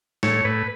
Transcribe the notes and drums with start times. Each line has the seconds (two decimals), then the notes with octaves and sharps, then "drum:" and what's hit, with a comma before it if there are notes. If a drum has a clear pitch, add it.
0.23 A2 C#5, drum: snare
0.45 A2 B4